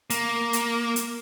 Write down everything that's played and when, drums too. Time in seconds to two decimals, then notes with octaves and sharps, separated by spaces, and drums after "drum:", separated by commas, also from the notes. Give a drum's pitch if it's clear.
0.10 A#3, drum: hi-hat
0.53 drum: hi-hat
0.96 drum: hi-hat